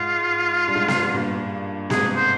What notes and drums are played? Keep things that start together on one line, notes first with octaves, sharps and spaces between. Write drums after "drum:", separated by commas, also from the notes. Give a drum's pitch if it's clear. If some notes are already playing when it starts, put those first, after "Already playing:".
Already playing: G#2 F4
G2
G#2
drum: snare B3
G2 A#2
G#2 C3 G#4, drum: snare B3
C5